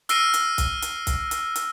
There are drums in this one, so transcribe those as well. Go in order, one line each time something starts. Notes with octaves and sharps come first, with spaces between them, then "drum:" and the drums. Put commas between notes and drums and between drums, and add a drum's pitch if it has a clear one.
E6 F6 A#6 C7 D7 D#7, drum: hi-hat
drum: hi-hat
drum: kick, hi-hat
drum: hi-hat
drum: kick, hi-hat
drum: hi-hat
drum: hi-hat